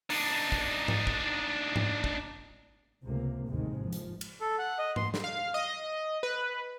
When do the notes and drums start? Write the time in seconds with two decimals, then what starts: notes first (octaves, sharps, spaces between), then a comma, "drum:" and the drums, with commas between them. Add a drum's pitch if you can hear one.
0.10 D4 D#4, drum: open hi-hat
0.52 drum: kick
0.88 drum: tom G#2
1.07 drum: kick
1.76 drum: tom G#2
2.04 drum: kick
3.04 C#2 C3 A#3
3.48 A1 D#2 G#2 C3 D#3 G#3
3.81 G#1 G#2 F3
3.93 drum: hi-hat
4.21 drum: cymbal
4.41 A4
4.58 F#5
4.79 D#5
4.96 C6, drum: tom G#2
5.14 drum: snare
5.24 F5
5.54 D#5
6.23 B4